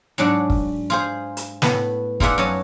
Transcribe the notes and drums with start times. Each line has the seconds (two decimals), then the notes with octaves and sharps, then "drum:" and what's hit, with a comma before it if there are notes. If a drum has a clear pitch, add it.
0.18 G#2 F#3 D4 F#5
0.50 drum: kick
0.90 F4 G#4 C5
1.37 drum: hi-hat
1.62 A2 B3 B5, drum: snare
2.20 D#4 F4 G#4 D5 E5 F#5, drum: kick
2.38 F#2 C#5 A5